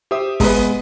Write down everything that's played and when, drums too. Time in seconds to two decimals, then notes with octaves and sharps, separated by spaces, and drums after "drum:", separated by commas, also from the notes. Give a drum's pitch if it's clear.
0.11 G4 C5 E5 D#6
0.40 G#3 B3 B4, drum: kick, open hi-hat